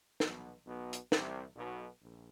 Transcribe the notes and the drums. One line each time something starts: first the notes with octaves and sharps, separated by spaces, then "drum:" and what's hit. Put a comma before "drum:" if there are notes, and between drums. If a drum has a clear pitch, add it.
B1 B2, drum: snare
B1 B2
drum: hi-hat
C2 C3, drum: snare
B1 B2
A#1